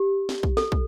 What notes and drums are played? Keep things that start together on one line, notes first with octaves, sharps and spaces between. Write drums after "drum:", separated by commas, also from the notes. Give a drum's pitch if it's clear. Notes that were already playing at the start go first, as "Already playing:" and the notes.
Already playing: G4
drum: snare
drum: kick
A4, drum: snare
drum: kick